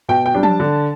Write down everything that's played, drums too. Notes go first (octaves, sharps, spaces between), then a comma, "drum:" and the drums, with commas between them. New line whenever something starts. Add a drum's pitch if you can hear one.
B2 G5
G5
G3 D4
A5, drum: tom F3
D3